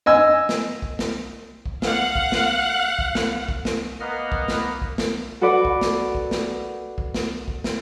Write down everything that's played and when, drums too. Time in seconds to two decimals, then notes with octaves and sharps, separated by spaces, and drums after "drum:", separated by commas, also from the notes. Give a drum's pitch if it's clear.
0.06 D#5 G#5 E6
0.49 drum: snare
0.82 drum: kick
0.99 drum: snare
1.66 drum: kick
1.82 F5 F#5, drum: snare
2.15 drum: kick
2.32 drum: snare
2.99 drum: kick
3.15 drum: snare
3.49 drum: kick
3.65 drum: snare
4.00 A#3 B3 D#5 F#5 F6
4.32 drum: kick
4.48 drum: snare
4.82 drum: kick
4.98 drum: snare
5.41 F#4 A4 B4 D5 F#5
5.65 drum: kick
5.81 drum: snare
6.15 drum: kick
6.31 drum: snare
6.98 drum: kick
7.14 drum: snare
7.48 drum: kick
7.64 drum: snare